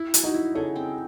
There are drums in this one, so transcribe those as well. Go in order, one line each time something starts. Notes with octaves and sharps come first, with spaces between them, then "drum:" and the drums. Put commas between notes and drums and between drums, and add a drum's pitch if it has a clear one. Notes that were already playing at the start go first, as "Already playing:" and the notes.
Already playing: E4
F#3, drum: hi-hat
D#4 F#4
E4
C#3 A4 C#5
C4